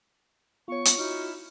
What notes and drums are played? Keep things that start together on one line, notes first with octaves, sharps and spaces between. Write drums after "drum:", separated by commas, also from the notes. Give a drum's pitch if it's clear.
B3 F4 C#5 C#6
drum: hi-hat
D#4 E4 F#4 F6